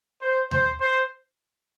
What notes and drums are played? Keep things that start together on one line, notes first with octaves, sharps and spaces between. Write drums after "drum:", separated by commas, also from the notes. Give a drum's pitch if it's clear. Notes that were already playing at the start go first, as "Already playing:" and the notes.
C5
C5, drum: tom D#2
C5